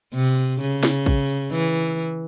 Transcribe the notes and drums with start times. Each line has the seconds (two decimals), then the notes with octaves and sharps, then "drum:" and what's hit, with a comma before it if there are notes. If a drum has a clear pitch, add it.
0.14 C3, drum: tambourine
0.37 drum: tambourine
0.61 C#3, drum: tambourine
0.83 drum: snare
1.06 drum: kick
1.29 drum: tambourine
1.52 E3, drum: tambourine
1.75 drum: tambourine
1.98 drum: tambourine